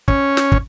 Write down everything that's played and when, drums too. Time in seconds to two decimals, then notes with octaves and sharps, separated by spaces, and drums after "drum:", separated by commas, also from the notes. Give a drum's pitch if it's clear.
0.08 C#4, drum: kick
0.37 drum: snare
0.52 drum: kick